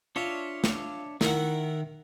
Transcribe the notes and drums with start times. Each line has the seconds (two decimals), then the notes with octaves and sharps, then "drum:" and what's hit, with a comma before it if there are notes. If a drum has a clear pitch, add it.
0.16 D4 F4 C#5 E5
0.64 drum: snare
1.21 D#3 E4 A#4 F#5, drum: snare